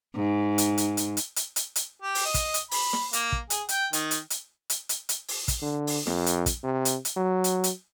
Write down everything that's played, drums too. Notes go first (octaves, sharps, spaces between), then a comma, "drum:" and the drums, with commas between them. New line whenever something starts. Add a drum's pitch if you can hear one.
G#2
drum: hi-hat
drum: hi-hat
drum: hi-hat
drum: hi-hat
drum: hi-hat
drum: hi-hat
drum: hi-hat
G4
drum: open hi-hat
D#5
drum: kick, hi-hat
drum: hi-hat
B5, drum: open hi-hat
drum: snare
A#3, drum: hi-hat
drum: kick
G#4, drum: hi-hat
G5, drum: hi-hat
D#3, drum: hi-hat
drum: hi-hat
drum: hi-hat
drum: hi-hat
drum: hi-hat
drum: hi-hat
drum: open hi-hat
drum: kick, hi-hat
D3
drum: open hi-hat
F2, drum: snare
drum: hi-hat
drum: kick, hi-hat
C3
drum: hi-hat
drum: hi-hat
F#3
drum: hi-hat
drum: hi-hat